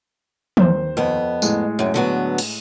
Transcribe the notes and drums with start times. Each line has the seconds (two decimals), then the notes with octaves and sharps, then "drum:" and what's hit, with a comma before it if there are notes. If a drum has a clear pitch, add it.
0.57 D#2 C5, drum: tom
0.97 F2 B3
1.42 A2 G#3, drum: tambourine
1.79 F#2 C3
1.94 D3 F#3 B3
2.38 drum: cymbal